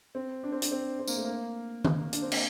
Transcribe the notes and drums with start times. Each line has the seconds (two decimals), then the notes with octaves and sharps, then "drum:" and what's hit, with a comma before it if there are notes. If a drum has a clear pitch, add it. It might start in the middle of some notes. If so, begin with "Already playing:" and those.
0.15 C4
0.43 D4
0.52 C4
0.62 D4, drum: hi-hat
0.72 C4
0.99 C4
1.07 A#3, drum: tambourine
1.17 A3
1.25 A#3
1.85 drum: tom D#3
2.13 D4, drum: hi-hat
2.22 C4
2.32 A#3, drum: cymbal